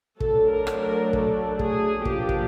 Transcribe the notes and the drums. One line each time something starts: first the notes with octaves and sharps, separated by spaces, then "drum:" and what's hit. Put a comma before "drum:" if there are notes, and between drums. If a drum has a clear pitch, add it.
F#3 A3 D4 A4, drum: kick
A#4
drum: rim click
A#4
A4, drum: kick
G#4, drum: kick
F3 A#3 D4 G4, drum: kick
drum: kick